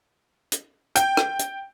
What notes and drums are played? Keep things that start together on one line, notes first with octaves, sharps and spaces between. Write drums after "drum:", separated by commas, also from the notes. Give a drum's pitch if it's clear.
drum: hi-hat
G5, drum: hi-hat
drum: rim click
drum: hi-hat